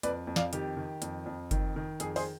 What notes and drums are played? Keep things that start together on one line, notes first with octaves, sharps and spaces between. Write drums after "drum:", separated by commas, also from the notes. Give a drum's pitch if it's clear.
F2 B4 D5, drum: hi-hat
F2
D5 F5, drum: snare
D#3 G4, drum: hi-hat
D#3
F2, drum: hi-hat
F2
D#3, drum: kick F#1, hi-hat
D#3
F2 G#4, drum: hi-hat
G#4 C5, drum: open hi-hat